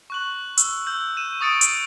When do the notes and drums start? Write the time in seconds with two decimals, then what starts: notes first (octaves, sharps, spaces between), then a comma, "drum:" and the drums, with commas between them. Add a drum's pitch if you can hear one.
0.10 C#6 F#6 F#7
0.57 E6, drum: hi-hat
0.86 E6 G6 F#7
1.17 G6 D#7 E7
1.41 C#6 D#6 A6 C#7 D7 E7
1.61 drum: hi-hat